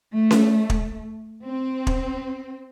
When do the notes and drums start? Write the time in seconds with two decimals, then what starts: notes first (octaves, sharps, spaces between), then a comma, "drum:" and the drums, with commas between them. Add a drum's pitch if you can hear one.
0.14 A3
0.31 drum: snare C#4
0.70 drum: kick
1.44 C4
1.87 drum: kick